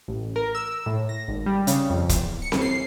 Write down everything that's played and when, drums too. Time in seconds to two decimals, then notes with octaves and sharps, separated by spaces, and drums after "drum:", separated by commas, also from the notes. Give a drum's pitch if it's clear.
0.08 A1
0.36 A#4
0.55 E6
0.86 A2
1.09 A#6
1.28 G#1
1.46 G3
1.67 C#3, drum: hi-hat
1.90 F2
2.09 E2, drum: kick, hi-hat
2.42 C#7
2.52 drum: snare C4
2.62 C7